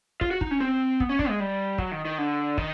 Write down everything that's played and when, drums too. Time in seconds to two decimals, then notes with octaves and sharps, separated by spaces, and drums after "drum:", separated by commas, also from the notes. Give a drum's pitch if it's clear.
0.21 F4, drum: kick
0.31 F#4
0.41 D#4, drum: kick
0.51 C#4
0.61 C4
1.00 B3, drum: kick
1.09 C#4
1.19 D4, drum: kick
1.29 G#3
1.40 G3
1.78 F#3, drum: kick
1.92 D#3
2.05 D#3
2.18 D3
2.58 D#3, drum: kick